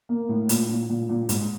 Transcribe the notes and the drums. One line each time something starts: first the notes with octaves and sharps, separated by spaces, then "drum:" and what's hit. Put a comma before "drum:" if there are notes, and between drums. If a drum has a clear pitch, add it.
A#3
A2
A#2, drum: hi-hat
A#2
A#2
A#2
G#2, drum: hi-hat